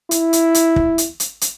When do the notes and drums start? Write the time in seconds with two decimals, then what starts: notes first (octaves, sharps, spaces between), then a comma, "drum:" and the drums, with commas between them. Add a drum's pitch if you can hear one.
0.11 E4, drum: hi-hat
0.33 drum: hi-hat
0.54 drum: hi-hat
0.76 drum: kick
0.98 drum: hi-hat
1.20 drum: hi-hat
1.41 drum: hi-hat